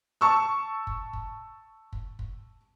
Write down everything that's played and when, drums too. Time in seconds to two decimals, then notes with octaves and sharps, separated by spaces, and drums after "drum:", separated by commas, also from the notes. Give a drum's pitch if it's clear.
0.21 A5 C#6 E6
0.87 drum: kick
1.13 drum: kick
1.93 drum: kick
2.19 drum: kick